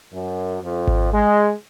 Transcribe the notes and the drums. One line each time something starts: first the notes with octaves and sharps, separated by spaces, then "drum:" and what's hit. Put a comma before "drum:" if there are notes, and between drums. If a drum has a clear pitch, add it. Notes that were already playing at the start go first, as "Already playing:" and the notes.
F#2
F2
drum: kick G#1
G#3